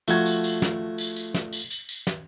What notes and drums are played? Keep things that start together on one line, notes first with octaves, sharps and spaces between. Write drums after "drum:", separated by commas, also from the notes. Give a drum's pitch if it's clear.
F3 A3 F#4 G#6, drum: tambourine
drum: tambourine
drum: tambourine
drum: snare
drum: tambourine
drum: tambourine
drum: snare
drum: tambourine
drum: tambourine
drum: tambourine
drum: snare